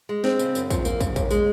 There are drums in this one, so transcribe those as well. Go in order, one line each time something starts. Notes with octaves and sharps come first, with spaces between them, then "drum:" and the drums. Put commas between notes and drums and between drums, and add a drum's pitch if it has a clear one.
G#3
C4, drum: snare
C#3, drum: tambourine
F#2, drum: tambourine
F3, drum: kick, tambourine
A#3, drum: tambourine
C#3, drum: kick, tambourine
D#2, drum: kick, tambourine
G#3, drum: tambourine